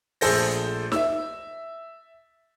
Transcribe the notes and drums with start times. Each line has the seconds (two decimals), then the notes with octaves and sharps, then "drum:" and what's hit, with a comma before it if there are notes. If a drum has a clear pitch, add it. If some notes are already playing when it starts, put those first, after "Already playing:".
0.21 A#1 A3 G#4 A4 C5 A#6, drum: open hi-hat
0.92 E5 E6, drum: snare D#4